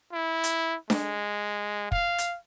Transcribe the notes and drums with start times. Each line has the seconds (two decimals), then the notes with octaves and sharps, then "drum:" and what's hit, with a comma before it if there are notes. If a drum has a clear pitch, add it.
0.13 E4
0.44 drum: hi-hat
0.90 G#3, drum: snare D4
1.92 F5, drum: kick
2.18 drum: hi-hat